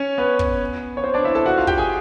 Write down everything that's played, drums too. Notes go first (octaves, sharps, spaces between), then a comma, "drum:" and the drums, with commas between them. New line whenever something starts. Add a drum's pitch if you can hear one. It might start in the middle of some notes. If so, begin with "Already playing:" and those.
Already playing: C#4 C#5
B3 B4
drum: kick
C#5
C4 C5
D4 D5
E4 E5
A4 A5
F#4 F#5
F4 F5
G4 G5, drum: kick
G#4 G#5